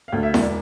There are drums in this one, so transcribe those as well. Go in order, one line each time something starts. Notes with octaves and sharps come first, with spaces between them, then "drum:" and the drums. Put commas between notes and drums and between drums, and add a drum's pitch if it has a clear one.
F5
D2
E5
E1 D5, drum: snare E4